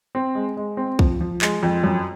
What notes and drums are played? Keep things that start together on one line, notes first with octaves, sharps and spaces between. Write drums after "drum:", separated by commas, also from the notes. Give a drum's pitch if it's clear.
C4
G#3
G#3
C4
F3, drum: kick
F3
G#3, drum: clap
F2
F#2